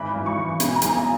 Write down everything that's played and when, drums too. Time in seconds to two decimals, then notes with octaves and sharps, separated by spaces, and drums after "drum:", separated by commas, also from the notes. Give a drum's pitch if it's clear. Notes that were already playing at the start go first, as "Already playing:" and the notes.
Already playing: G#1 E3 B5
0.15 G#1
0.26 C#6
0.38 E3
0.60 B2 B5, drum: hi-hat
0.69 G#5
0.76 A#5
0.82 B1, drum: hi-hat
0.93 G#5